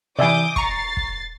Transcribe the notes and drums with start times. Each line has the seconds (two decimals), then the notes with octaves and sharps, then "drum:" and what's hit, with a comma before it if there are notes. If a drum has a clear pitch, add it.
0.19 C3 E3 D5 E5 G#5 D6 D#6 G6
0.56 A#5 C#6 A6 C7, drum: kick
0.97 drum: kick